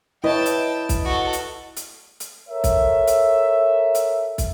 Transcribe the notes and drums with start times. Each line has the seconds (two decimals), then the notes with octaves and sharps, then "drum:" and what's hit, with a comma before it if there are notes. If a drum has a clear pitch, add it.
0.24 E4 B4 C#5 D#5 G5 A5
0.46 drum: hi-hat
0.89 drum: kick, hi-hat
1.05 F#4 A4
1.33 drum: hi-hat
1.76 drum: hi-hat
2.20 drum: hi-hat
2.49 A4 A#4 C#5 E5
2.64 drum: kick, hi-hat
3.07 drum: hi-hat
3.95 drum: hi-hat
4.38 drum: kick, hi-hat